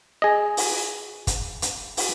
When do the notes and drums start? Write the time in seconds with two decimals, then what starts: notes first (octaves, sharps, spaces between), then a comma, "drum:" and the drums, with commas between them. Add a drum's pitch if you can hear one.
0.22 G#4 D#5
0.57 drum: open hi-hat
1.27 drum: kick, hi-hat
1.62 drum: hi-hat
1.97 drum: open hi-hat